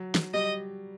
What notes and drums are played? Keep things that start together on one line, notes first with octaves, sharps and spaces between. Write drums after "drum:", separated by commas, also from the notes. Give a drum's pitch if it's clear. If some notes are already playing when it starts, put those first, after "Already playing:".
Already playing: F#3
drum: snare
G3 D#5